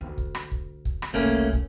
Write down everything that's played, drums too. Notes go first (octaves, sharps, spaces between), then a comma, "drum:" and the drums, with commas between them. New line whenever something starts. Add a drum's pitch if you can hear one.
D2
drum: kick
drum: rim click
drum: kick
drum: kick
drum: rim click
F#1 C2 A3 A#3 C#4
drum: kick